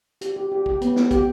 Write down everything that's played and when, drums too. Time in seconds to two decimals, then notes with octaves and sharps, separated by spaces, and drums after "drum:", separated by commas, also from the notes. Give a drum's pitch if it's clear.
0.21 G4, drum: hi-hat
0.36 G4
0.52 G4
0.66 G4, drum: kick
0.81 B3, drum: hi-hat
0.96 B3, drum: snare
1.11 G4, drum: kick, hi-hat